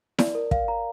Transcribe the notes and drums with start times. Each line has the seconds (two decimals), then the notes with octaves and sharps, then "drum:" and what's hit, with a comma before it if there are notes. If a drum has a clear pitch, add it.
0.19 D5, drum: snare E4
0.35 A#4
0.51 F5, drum: kick
0.68 A#5